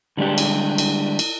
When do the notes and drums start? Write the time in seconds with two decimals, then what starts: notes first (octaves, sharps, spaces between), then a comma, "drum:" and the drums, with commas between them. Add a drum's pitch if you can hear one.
0.17 D3 G3 G#3 D4 G4
0.38 drum: cymbal
0.78 drum: cymbal
1.19 drum: cymbal